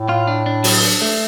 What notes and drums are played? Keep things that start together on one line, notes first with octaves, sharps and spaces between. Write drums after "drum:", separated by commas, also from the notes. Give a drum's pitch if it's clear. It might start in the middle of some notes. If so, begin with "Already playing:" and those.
Already playing: A2
F4
D4
D4
F#3, drum: open hi-hat
D4
A3